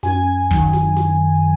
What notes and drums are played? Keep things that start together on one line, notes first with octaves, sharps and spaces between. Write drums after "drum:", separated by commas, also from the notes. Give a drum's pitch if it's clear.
F#2 G#5, drum: snare
D#3 F#3, drum: kick
drum: snare
drum: snare